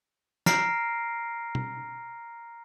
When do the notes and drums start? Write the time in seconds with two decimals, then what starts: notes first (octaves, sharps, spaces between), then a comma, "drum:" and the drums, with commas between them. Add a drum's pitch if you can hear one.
0.46 A#5 F6 A#6 C7 D7, drum: snare
1.55 drum: tom B2